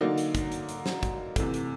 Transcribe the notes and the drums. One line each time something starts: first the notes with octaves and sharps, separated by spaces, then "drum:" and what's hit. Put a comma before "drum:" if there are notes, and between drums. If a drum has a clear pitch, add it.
D3 F#3 A#3 D#4
drum: hi-hat
drum: kick, hi-hat
drum: hi-hat
drum: hi-hat
drum: snare
drum: kick, hi-hat
C3 E3 A3, drum: kick, hi-hat
drum: hi-hat